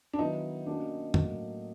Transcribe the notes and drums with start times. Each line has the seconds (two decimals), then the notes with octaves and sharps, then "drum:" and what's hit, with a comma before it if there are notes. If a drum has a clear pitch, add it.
0.13 D4
0.19 D#3 F#3 B3 D#4 E4
0.66 A#3 C#4 D4 F#4
1.14 A2 F#3 A#3, drum: tom F2